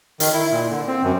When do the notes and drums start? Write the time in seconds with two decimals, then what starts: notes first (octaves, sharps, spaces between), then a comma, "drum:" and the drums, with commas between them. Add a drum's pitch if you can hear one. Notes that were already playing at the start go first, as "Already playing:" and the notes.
0.20 D#3, drum: hi-hat
0.33 E4
0.52 A#2
0.70 D3
0.87 C4
1.04 F#2